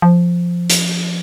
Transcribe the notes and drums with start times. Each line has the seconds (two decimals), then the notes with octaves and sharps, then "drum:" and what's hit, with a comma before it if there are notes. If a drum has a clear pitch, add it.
0.02 F3
0.70 drum: hi-hat